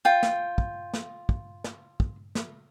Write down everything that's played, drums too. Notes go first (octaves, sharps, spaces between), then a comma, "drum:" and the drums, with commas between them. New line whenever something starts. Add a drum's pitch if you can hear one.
F4 G5
drum: snare
drum: kick
drum: snare
drum: kick
drum: snare
drum: kick
drum: snare